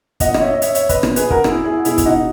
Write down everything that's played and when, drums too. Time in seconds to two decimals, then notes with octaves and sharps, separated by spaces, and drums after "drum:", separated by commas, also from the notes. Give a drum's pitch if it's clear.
0.20 A#2 D#5 F#5, drum: kick, hi-hat
0.34 D#5, drum: rim click
0.41 C#5 E5
0.54 D#5
0.62 C#5 E5, drum: hi-hat
0.75 C#5 E5, drum: hi-hat
0.89 B4 D#5, drum: kick, hi-hat
1.03 A#2, drum: rim click
1.16 G#4 B4, drum: hi-hat
1.30 F#4 A#4, drum: kick
1.44 E4 G#4, drum: rim click
1.64 E4 G#4
1.77 F#4
1.85 B2 E4 G#4, drum: hi-hat
1.98 G#4, drum: kick, hi-hat
2.06 D#4 F#4